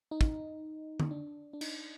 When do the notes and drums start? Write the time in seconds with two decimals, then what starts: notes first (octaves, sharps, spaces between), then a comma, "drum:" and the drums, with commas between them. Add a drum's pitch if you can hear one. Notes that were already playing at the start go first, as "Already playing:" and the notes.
0.11 D#4
0.21 drum: kick
1.00 drum: tom D3
1.11 D4
1.53 D4
1.61 D#4, drum: cymbal